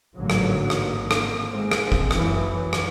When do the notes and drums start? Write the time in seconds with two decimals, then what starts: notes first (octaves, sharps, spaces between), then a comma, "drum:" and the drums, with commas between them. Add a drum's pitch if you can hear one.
0.16 A1 G#2 D3 F#3 A#3
0.30 drum: rim click
0.70 drum: rim click
0.83 G#1 A#3
1.11 drum: rim click
1.51 G#3 A#3 C4
1.71 drum: rim click
1.92 drum: kick
2.11 F#2 E3 F#3, drum: rim click
2.73 drum: rim click